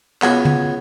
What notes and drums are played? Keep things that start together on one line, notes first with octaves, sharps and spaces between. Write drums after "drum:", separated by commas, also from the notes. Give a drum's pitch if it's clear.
C#2 B3 F#4 C#5 G#5, drum: clap
drum: tom